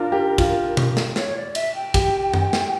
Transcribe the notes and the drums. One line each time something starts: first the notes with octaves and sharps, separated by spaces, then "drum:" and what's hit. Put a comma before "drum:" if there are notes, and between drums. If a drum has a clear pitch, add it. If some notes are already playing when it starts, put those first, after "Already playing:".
Already playing: D4 F4 A#4
G4
F4, drum: kick, cymbal
drum: tom B2
drum: snare
C#5, drum: snare
D5
E5, drum: cymbal
G5
G4, drum: kick, cymbal
drum: tom F#2
drum: snare